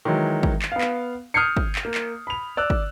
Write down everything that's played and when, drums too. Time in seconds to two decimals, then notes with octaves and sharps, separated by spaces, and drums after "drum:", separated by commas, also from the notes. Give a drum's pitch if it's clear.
0.05 D#3 E3 F#3 G#3
0.43 drum: kick
0.62 drum: clap
0.72 B3 F5
0.81 drum: clap
1.34 D#6 F6 G6 G#6 C7 C#7
1.57 drum: kick
1.75 drum: clap
1.85 A#3
1.94 drum: clap
2.27 B5 F7
2.57 D5 E6 F#6
2.70 drum: kick